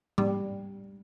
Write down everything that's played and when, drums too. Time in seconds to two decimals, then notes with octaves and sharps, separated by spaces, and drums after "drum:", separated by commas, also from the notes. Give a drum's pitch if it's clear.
0.18 G3, drum: tom